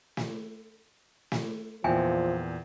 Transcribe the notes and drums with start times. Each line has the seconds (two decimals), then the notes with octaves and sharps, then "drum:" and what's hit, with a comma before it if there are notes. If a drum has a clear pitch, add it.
0.17 drum: snare
1.32 drum: snare
1.84 E2 A#2 F3 E5 G5 G#5